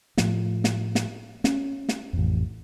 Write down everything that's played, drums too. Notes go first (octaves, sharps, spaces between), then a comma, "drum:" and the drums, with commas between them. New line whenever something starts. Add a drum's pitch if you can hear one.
A2 F3, drum: snare
drum: snare
drum: snare
C#4, drum: snare
drum: snare
A1 F2